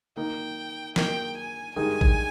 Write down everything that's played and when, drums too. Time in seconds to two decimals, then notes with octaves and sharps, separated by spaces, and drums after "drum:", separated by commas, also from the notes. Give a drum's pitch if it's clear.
0.17 D#3 A#3 D#4 G5
0.96 D#3 A#3 D#4 G5, drum: snare
1.37 G#5
1.76 G2 D#3 G#3 D#4 G#4 G#5
2.01 drum: kick A1